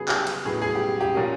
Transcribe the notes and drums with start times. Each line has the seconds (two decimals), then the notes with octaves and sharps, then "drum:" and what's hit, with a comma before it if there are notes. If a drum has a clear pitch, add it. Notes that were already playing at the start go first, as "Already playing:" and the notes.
Already playing: C#3 F#3 B3 G#4
0.08 G4, drum: clap
0.27 drum: cymbal
0.45 A2 F#3 B3 G#4
0.62 G#4
0.75 G4
1.01 G4
1.15 A#2 F#3 A#3 C#4